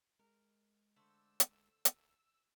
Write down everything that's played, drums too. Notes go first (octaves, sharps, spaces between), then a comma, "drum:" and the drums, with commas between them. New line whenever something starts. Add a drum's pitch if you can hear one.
G#3 A#4
D3 A3 C5 E6
drum: hi-hat
drum: hi-hat